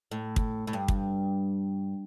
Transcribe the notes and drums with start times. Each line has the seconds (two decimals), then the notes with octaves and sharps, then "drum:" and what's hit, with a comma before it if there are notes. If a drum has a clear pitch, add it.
0.11 A2
0.36 drum: kick
0.67 A2
0.73 G2
0.88 drum: kick